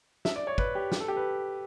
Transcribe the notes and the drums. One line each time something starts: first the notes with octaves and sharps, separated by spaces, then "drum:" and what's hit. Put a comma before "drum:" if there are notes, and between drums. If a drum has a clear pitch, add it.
E5, drum: snare
D5
C#5
B4, drum: kick
G4
G4, drum: snare
A4
G4
B4